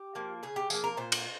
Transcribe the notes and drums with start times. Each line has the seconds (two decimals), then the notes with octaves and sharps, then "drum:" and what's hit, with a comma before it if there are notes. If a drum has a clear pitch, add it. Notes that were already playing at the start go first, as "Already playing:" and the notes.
Already playing: G4
0.15 F3 A#3
0.43 C#3 G#4
0.56 G4
0.70 F3 A#3 G#4, drum: tambourine
0.84 A#4
0.97 A#2 C5
1.12 drum: cymbal